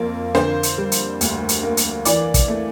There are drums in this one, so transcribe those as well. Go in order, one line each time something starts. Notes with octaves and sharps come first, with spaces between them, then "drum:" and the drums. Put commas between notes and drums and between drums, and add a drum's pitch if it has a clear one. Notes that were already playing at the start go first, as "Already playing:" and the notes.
Already playing: F2 A#3
D3 C5, drum: snare
drum: hi-hat
G3
drum: hi-hat
D2, drum: hi-hat
drum: hi-hat
A#3
drum: hi-hat
E3 D5, drum: hi-hat
drum: kick, hi-hat
A3